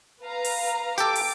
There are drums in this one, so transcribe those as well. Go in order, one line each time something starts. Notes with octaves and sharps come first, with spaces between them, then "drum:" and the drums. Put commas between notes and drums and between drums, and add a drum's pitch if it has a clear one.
B4 F5 A#5
drum: open hi-hat
G4 A4 D6, drum: hi-hat
drum: open hi-hat